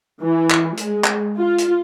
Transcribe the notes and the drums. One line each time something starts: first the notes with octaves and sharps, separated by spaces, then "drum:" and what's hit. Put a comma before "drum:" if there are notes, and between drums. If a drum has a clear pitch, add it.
E3
drum: clap
G#3, drum: hi-hat
drum: clap
F4
drum: hi-hat